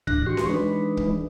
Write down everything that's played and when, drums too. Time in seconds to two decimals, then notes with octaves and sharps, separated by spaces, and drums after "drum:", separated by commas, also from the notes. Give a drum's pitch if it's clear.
0.07 D2 A2 E3 D4 F#6 A#6, drum: kick
0.26 E3 F#4 G4 C6 C#6
0.37 drum: snare C#4
0.49 E3 G#3 D4 D#4 B4
0.97 drum: kick